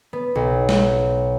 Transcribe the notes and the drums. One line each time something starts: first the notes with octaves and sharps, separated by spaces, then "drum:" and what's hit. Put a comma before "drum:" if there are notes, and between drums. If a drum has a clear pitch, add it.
B3
B1
drum: snare